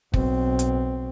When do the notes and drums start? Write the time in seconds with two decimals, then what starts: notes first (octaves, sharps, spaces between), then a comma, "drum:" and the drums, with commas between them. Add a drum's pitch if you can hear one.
0.14 B1 C4, drum: kick
0.59 drum: hi-hat